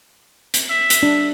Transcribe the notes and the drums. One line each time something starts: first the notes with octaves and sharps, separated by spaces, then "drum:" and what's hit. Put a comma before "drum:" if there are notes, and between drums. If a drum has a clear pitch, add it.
drum: hi-hat
E5
drum: hi-hat
D4